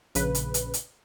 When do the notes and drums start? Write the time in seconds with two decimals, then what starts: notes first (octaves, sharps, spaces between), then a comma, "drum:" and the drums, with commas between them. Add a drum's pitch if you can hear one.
0.15 A#1 C#3 B4, drum: hi-hat
0.35 drum: hi-hat
0.54 drum: hi-hat
0.74 drum: hi-hat